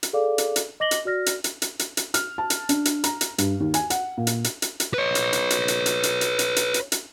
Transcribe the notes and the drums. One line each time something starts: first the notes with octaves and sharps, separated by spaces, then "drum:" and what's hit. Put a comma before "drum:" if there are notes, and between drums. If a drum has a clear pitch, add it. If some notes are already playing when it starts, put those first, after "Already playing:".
drum: hi-hat
G#4 A4 D5 F5 D6
drum: hi-hat
drum: hi-hat
D#5 D6 A#6 F#7 G7
drum: hi-hat
F#4 D5 F6 A#6
drum: hi-hat
drum: hi-hat
drum: hi-hat
drum: hi-hat
drum: hi-hat
F6, drum: hi-hat
A5
drum: hi-hat
D4, drum: hi-hat
drum: hi-hat
A#5, drum: hi-hat
drum: hi-hat
G2, drum: hi-hat
D#2
G#5, drum: hi-hat
F#5, drum: hi-hat
A#2
drum: hi-hat
drum: hi-hat
drum: hi-hat
drum: hi-hat
B4 C#5
drum: hi-hat
drum: hi-hat
drum: hi-hat
drum: hi-hat
drum: hi-hat
drum: hi-hat
drum: hi-hat
drum: hi-hat
drum: hi-hat
drum: hi-hat
drum: hi-hat